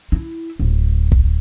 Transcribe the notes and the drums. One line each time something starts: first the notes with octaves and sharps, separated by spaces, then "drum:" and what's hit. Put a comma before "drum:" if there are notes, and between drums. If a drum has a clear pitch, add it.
E4
D1
drum: kick